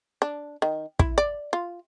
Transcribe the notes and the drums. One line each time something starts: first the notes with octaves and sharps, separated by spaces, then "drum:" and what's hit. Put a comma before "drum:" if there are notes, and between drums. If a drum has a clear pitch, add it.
D4
D#3
E4, drum: kick
D5
F4